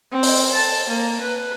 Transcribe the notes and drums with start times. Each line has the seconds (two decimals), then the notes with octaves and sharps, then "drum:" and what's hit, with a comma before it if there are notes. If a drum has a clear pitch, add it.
0.12 C4
0.23 drum: open hi-hat
0.54 A5
0.89 A#3
1.22 B4